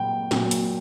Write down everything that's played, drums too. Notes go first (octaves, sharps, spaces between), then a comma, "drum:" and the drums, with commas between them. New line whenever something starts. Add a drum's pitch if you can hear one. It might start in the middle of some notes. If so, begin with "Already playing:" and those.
Already playing: A#2 F#3 G5
A#2 F#3, drum: snare
drum: hi-hat